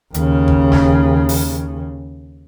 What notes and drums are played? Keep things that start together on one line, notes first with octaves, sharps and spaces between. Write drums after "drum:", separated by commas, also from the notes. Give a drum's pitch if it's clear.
D#2 C#3, drum: hi-hat
drum: kick
drum: snare
drum: open hi-hat